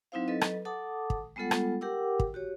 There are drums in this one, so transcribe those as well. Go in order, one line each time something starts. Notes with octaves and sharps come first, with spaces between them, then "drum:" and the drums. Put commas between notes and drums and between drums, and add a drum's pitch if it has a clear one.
F#3 C4 D#4 E4 C5 F5
F#3 A4 B4 D#5
drum: rim click
A4 F#5 A5 D6 D#6
drum: kick
G3 G#3 B3 F4 A4 F#5
drum: rim click
G4 A#4 F#5 G5 D6 E6
drum: kick
F#4 G4 C#5